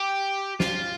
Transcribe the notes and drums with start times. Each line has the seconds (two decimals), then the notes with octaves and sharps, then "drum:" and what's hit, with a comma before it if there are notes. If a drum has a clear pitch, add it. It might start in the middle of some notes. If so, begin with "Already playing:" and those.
Already playing: G4
0.60 F4, drum: snare